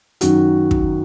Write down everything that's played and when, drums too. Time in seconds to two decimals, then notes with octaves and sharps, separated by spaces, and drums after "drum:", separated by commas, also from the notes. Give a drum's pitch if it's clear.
0.21 F#2 D#3 F#4, drum: hi-hat
0.71 drum: kick